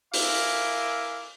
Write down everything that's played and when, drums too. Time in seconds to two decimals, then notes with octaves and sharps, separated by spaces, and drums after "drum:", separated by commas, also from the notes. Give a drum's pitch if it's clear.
0.14 E4 A#4 E5 F5 G#5 D6, drum: open hi-hat